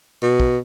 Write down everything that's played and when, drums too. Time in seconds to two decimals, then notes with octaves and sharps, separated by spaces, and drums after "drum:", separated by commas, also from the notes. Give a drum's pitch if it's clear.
0.23 B2
0.40 drum: kick